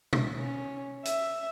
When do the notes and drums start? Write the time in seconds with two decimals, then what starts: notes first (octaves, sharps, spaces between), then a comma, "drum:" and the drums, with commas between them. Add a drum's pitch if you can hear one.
0.13 drum: tom B2
0.39 C#4
1.05 E5, drum: hi-hat